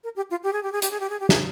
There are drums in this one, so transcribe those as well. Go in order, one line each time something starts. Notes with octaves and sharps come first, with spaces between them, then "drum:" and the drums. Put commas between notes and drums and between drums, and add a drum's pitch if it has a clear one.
A#4
G4
F4
G4
G#4
G4
G#4
G4, drum: hi-hat
G#4
G4
G#4
G4
G#4, drum: snare